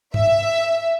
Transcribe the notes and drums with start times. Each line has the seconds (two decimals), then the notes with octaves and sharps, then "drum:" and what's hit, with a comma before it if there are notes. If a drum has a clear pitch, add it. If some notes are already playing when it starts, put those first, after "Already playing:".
0.14 E5, drum: tom G2